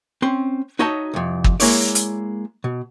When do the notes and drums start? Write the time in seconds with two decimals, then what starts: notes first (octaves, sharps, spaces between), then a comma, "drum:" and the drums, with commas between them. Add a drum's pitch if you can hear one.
0.22 C4 C#4 C6
0.79 D#4 F#4 C#5 D#5 E5 A5
1.14 C2 F2
1.44 drum: kick
1.60 G#3 A#3 E4 C#5 D5, drum: open hi-hat
1.95 drum: hi-hat
2.64 B2